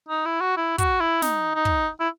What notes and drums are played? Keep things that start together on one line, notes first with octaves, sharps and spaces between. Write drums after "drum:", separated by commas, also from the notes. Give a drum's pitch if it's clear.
D#4
E4
F#4
E4
F#4, drum: kick, hi-hat
E4
D#4, drum: snare
D#4
drum: kick
E4